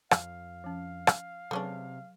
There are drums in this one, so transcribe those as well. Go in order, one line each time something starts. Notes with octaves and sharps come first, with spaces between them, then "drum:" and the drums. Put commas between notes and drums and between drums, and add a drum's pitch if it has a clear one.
F2 F5, drum: rim click
F3 C#4
drum: rim click
C3 F#3 A3 C#4 D4 G#4 B4